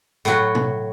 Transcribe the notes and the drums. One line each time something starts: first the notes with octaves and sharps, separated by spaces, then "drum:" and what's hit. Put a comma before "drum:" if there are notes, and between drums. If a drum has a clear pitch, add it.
A2 F#3, drum: hi-hat
drum: tom